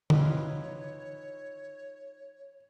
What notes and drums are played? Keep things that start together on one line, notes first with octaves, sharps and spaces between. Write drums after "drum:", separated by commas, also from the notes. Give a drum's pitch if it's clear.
E3 D#4 F4 B4 C#5, drum: tom D3